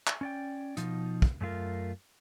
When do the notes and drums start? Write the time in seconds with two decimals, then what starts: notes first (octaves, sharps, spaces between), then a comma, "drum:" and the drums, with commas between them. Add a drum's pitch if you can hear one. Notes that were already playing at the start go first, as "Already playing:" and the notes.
0.07 drum: clap
0.21 C#4 D5 G5
0.77 B2 F3 D#4, drum: hi-hat
1.22 drum: kick
1.41 F#2 A3 F4 A#4